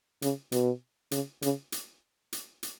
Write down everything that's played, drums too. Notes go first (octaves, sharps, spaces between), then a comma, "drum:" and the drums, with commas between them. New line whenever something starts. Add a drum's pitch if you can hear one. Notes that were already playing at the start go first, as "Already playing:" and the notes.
C#3, drum: hi-hat
B2, drum: hi-hat
C#3, drum: hi-hat
C#3, drum: hi-hat
drum: hi-hat
drum: hi-hat
drum: hi-hat